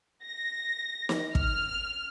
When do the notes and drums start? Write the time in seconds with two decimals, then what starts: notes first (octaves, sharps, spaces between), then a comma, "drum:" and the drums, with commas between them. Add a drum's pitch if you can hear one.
0.25 A#6
1.09 drum: snare
1.35 F6, drum: kick